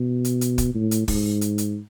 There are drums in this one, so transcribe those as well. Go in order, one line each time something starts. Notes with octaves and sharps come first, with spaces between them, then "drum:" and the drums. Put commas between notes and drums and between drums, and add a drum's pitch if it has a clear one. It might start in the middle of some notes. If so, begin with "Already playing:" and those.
Already playing: B2
drum: hi-hat
drum: hi-hat
drum: kick, hi-hat
A2
drum: hi-hat
G#2, drum: kick, open hi-hat
drum: hi-hat
drum: hi-hat